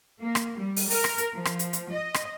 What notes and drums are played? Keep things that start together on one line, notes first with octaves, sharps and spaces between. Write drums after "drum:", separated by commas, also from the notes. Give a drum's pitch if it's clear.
A#3
drum: rim click
G3
drum: open hi-hat
A#4, drum: open hi-hat
drum: rim click
drum: hi-hat
F3
drum: rim click
drum: hi-hat
drum: hi-hat
D#5
drum: rim click